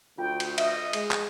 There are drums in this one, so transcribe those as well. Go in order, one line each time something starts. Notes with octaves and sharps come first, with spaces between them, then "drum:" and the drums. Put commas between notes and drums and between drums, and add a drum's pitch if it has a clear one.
D2 F4 G5
drum: cymbal
D#5 E5, drum: cymbal
G#3, drum: cymbal
drum: clap